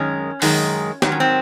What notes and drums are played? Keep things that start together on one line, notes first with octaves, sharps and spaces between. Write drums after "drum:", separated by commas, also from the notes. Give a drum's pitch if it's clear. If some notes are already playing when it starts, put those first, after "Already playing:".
Already playing: F#2 D#3 G#3 C#4
F#2 D#3 G#3, drum: open hi-hat
G#2 D#3 F#3 C4, drum: snare
C#4
C4